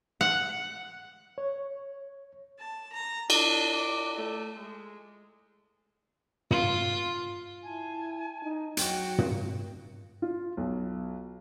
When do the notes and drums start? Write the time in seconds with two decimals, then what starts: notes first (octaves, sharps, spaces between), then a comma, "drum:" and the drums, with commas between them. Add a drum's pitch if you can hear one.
0.21 F#5
1.38 C#5
2.59 A5
2.93 A#5
3.30 D4, drum: cymbal
3.75 D6
4.16 A3
4.59 G#3
6.51 F4, drum: tom
7.64 E4 G#5 A5
8.43 D#4
8.77 F#3 F#4 G5, drum: hi-hat
9.18 drum: tom
10.22 F4
10.57 B1